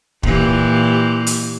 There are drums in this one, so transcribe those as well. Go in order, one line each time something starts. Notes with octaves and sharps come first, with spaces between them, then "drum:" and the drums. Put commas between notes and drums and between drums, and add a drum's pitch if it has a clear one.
A#2 E3 G4, drum: kick
drum: hi-hat